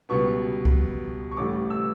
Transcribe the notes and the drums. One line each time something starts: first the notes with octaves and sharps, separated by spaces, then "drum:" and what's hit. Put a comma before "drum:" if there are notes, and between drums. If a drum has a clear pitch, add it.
C#2 B2 G3 B3 C#6
drum: kick C#2
C#6
A1 A2 G3 D6
E6